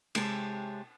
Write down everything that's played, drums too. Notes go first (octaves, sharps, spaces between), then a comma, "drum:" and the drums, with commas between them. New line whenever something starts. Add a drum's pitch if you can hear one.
C3 G#3 G4 C#5 A5, drum: cymbal